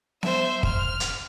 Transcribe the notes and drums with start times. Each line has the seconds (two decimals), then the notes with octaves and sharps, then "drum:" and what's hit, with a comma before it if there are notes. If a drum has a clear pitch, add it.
0.23 C5 E5, drum: snare B3
0.63 F6, drum: kick
1.00 drum: hi-hat